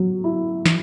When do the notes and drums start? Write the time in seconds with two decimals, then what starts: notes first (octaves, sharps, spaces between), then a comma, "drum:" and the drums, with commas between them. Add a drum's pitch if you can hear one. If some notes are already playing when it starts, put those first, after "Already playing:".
Already playing: F#3
0.24 E4
0.66 drum: snare